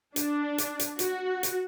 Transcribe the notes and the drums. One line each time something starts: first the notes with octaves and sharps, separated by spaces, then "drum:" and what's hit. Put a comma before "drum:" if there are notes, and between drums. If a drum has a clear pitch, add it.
D4, drum: hi-hat
drum: hi-hat
drum: hi-hat
F#4, drum: hi-hat
drum: hi-hat